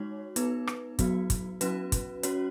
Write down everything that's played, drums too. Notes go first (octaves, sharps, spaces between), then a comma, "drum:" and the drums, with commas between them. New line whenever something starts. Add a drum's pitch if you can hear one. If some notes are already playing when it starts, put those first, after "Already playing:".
Already playing: G#3 D#4 F#4 C#5
B3 D#4 B4, drum: hi-hat
drum: rim click
F#3 B3 F#4, drum: kick, hi-hat
drum: kick, hi-hat
F#3 C#4 F#4 B4, drum: hi-hat
drum: kick, hi-hat
C#4 F#4 C#5, drum: hi-hat